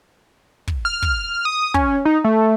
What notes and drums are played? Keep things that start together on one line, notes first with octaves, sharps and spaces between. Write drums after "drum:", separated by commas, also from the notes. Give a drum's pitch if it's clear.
drum: kick
F6
drum: kick
D#6
C#4, drum: kick
D#4
A3